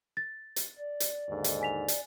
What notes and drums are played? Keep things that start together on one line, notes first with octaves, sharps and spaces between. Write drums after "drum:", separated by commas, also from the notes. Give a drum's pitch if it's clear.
A6
drum: hi-hat
D5
drum: hi-hat
D#2 G#2 D3
drum: hi-hat
G#5 B6 F7
drum: hi-hat